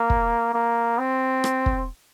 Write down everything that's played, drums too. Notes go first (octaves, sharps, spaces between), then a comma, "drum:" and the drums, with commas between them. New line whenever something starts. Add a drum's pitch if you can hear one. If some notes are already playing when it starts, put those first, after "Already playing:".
Already playing: A#3
drum: kick
A#3
C4
drum: rim click
drum: kick